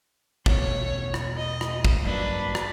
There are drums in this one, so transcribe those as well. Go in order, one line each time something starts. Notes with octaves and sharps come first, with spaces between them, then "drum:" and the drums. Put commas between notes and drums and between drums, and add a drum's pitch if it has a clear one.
E2 B2 A3 C#5, drum: kick
drum: rim click
D#5
drum: rim click
drum: kick
G2 F#3 A#3 D4 B4
drum: rim click